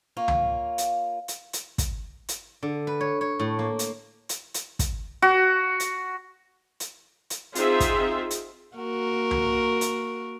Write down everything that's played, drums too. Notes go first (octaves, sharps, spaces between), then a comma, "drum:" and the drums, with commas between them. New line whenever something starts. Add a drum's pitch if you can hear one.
A#3 F4 C#5
drum: tom C#2
drum: hi-hat
drum: hi-hat
drum: hi-hat
drum: kick, hi-hat
drum: hi-hat
D3
B4
C#5
C#5
A2
A#3
drum: hi-hat
drum: hi-hat
drum: hi-hat
drum: kick, hi-hat
F#4
drum: hi-hat
drum: hi-hat
drum: hi-hat
C4 D#4 F4 G#4 C5 E5, drum: hi-hat
drum: kick, hi-hat
drum: hi-hat
A#3 F#4 A#4
drum: tom C#2
drum: hi-hat